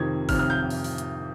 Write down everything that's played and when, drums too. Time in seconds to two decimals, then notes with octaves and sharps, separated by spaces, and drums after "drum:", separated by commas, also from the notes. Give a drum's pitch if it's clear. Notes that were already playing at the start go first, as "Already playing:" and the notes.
Already playing: F2 C3 D#3 G#6
0.29 F2 C3 D#3 F6, drum: kick G1, open hi-hat
0.39 F6
0.50 G6
0.70 drum: open hi-hat
0.84 drum: open hi-hat
0.98 drum: hi-hat